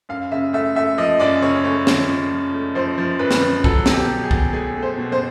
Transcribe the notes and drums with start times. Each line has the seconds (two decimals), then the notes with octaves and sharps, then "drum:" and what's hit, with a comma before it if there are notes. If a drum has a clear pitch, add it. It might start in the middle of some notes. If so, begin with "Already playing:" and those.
0.09 F#2 F5
0.32 C#3 E5
0.53 A3 E5
0.75 A3 E5
0.98 F3 D#5
1.20 F#2 D5
1.42 C#3 C#5
1.64 A3 C#5
1.87 F3, drum: snare
2.09 F3
2.31 F3
2.53 A3
2.75 F3 C5
2.98 F3
3.19 F#2 B4
3.31 drum: snare
3.42 F3
3.64 F#3 A4, drum: kick
3.86 B2, drum: snare
3.94 G4
4.09 B2
4.24 G#4
4.31 B2, drum: kick
4.53 A3 G#4
4.76 A3
4.82 C5
4.98 B2
5.12 C5